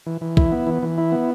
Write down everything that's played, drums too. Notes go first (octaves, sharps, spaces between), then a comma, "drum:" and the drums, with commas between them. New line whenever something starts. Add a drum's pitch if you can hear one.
E3
E3
E4, drum: kick
B3
E3
E3
E4
B3